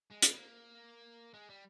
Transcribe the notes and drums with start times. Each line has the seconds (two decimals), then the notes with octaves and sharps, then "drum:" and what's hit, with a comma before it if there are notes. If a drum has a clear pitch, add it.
0.11 G#3
0.22 B3, drum: hi-hat
0.34 A#3
1.34 G#3
1.49 G3